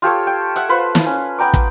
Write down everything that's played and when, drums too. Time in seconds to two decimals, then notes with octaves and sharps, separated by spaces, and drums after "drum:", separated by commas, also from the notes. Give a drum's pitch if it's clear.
0.02 F4 G4 A4 C#5
0.27 G5
0.56 E5 F#5, drum: hi-hat
0.69 F4 B4 C5
0.95 drum: snare
1.06 C#4
1.39 B3 G5 A#5 D6
1.54 drum: kick, hi-hat